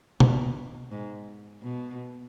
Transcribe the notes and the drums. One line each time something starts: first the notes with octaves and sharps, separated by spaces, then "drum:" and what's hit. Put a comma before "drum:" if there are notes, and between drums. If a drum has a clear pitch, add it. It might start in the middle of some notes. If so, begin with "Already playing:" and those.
B2, drum: tom B2
G#2
B2